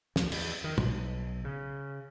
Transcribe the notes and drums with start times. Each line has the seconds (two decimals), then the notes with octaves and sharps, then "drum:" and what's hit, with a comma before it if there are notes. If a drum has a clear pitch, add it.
0.16 D2, drum: snare
0.32 E2, drum: cymbal
0.64 D#3
0.78 B1, drum: tom
1.44 C#3